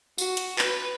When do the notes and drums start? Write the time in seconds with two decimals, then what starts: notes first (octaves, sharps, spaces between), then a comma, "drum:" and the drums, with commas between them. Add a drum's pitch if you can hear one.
0.18 F#4, drum: tambourine
0.37 drum: hi-hat
0.59 B4, drum: clap